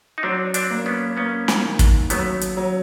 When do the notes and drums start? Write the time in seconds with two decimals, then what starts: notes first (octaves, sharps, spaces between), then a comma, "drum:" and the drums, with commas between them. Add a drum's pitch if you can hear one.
0.18 D#4
0.23 F#3 C4 D4
0.54 C4 D4, drum: hi-hat
0.70 A#3
0.86 B3 C#4
1.17 A#3 B3 C#4
1.48 drum: snare
1.64 D#3
1.79 drum: kick, hi-hat
2.10 F#3 A3 B3, drum: hi-hat
2.41 drum: hi-hat
2.57 F#3